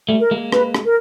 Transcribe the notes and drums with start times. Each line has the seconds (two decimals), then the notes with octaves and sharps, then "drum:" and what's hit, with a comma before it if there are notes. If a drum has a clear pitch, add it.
0.09 G3 A3
0.20 A#4
0.31 G#3 A#3
0.52 B4, drum: rim click
0.75 drum: rim click
0.85 A#4